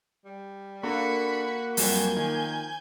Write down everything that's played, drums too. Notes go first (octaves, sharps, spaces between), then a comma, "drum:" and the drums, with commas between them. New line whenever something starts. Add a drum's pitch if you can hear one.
G3
A#3 D4 F#4 A4 B5 C#7
F2 F#3 G3 G#5 G6, drum: open hi-hat
D#3 F3